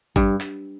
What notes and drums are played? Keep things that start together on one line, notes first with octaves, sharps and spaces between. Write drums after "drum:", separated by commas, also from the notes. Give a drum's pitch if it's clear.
G2, drum: kick G#1, hi-hat
drum: clap